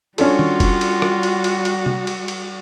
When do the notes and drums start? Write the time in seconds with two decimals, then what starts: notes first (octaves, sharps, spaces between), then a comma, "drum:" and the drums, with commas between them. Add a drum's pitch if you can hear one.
0.18 G3 C#4 D4 F4 F#4 A4, drum: cymbal
0.39 drum: tom D#3
0.60 drum: kick, cymbal
0.81 drum: cymbal
1.02 drum: rim click
1.23 drum: cymbal
1.44 drum: cymbal
1.65 drum: cymbal
1.86 drum: tom C3
2.07 drum: cymbal
2.28 drum: cymbal